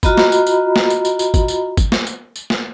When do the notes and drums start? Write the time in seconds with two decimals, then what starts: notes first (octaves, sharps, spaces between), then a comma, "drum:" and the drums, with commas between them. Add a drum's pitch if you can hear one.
0.03 F4 F#4 D#5 A#5 B5, drum: kick, tambourine
0.18 drum: snare
0.32 drum: tambourine
0.47 drum: tambourine
0.76 drum: snare
0.90 drum: tambourine
1.05 drum: tambourine
1.19 drum: tambourine
1.34 drum: kick, tambourine
1.48 drum: tambourine
1.77 drum: kick, tambourine
1.92 drum: snare
2.07 drum: tambourine
2.36 drum: tambourine
2.50 drum: snare